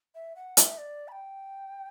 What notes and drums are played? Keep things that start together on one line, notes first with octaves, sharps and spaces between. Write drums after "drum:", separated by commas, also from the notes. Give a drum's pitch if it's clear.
E5
F#5
E5, drum: hi-hat
D5
B5
G5